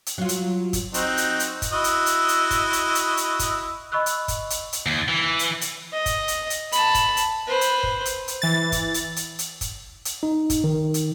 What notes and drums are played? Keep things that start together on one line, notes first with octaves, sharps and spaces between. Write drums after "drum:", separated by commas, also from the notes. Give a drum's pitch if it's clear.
drum: hi-hat
F#3 F4
drum: hi-hat
drum: kick, hi-hat
C4 D#4 F#4, drum: hi-hat
drum: hi-hat
drum: hi-hat
drum: kick, hi-hat
E4 F#4 D#5
drum: hi-hat
drum: hi-hat
drum: hi-hat
drum: kick, hi-hat
drum: hi-hat
drum: hi-hat
drum: hi-hat
drum: kick, hi-hat
D#5 B5 C#6 E6 F#6
drum: hi-hat
drum: kick, hi-hat
drum: hi-hat
drum: hi-hat
D#2
E3
drum: hi-hat
drum: hi-hat
D#5
drum: kick, hi-hat
drum: hi-hat
drum: hi-hat
A5 B5, drum: hi-hat
drum: kick, hi-hat
drum: hi-hat
B4 C5
drum: hi-hat
drum: kick
drum: hi-hat
drum: hi-hat
E3 A6
drum: kick, hi-hat
drum: hi-hat
drum: hi-hat
drum: hi-hat
drum: kick, hi-hat
drum: hi-hat
D#4
drum: kick, hi-hat
D#3
drum: hi-hat